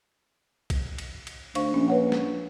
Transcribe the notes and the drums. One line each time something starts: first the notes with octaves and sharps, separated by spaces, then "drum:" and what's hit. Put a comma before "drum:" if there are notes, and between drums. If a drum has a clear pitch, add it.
drum: kick B1, cymbal
drum: cymbal
drum: cymbal
D2 C5 F5 C#6, drum: cymbal
A#1 C#4
B4 C#5 F#5
drum: snare